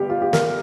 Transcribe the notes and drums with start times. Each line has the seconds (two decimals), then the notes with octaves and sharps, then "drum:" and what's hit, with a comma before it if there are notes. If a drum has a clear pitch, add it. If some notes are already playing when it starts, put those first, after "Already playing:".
Already playing: G1 G2 G4
0.10 F4
0.22 G4
0.33 A#4, drum: snare